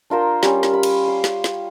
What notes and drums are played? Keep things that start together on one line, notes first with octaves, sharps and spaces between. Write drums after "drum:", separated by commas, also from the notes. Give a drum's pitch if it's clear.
D4 F4 A#4 C5
G3 C#4, drum: snare
drum: snare
B5
drum: cymbal
C6
drum: snare
drum: snare